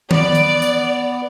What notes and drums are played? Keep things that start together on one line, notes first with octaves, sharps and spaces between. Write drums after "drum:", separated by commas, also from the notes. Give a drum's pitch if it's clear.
B3 D5, drum: tom D#3
drum: hi-hat
drum: tambourine